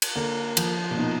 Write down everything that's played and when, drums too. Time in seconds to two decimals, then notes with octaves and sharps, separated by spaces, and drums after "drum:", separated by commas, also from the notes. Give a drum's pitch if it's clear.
0.02 drum: cymbal
0.16 D3 A#3
0.57 F3, drum: cymbal
0.91 A#2
0.97 B2 D#4